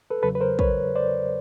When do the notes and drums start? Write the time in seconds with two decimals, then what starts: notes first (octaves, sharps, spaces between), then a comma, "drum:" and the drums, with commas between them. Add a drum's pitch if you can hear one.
0.10 A4 B4
0.23 E2 C#3 F#3 A4 B4
0.35 B4
0.41 A#4 C5
0.59 B4 C#5, drum: kick
0.95 C5 D5